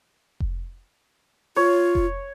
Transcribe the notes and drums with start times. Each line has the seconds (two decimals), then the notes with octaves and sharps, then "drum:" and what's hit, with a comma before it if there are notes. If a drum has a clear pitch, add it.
0.40 drum: kick F1
1.56 F4 C#5
1.95 drum: kick F1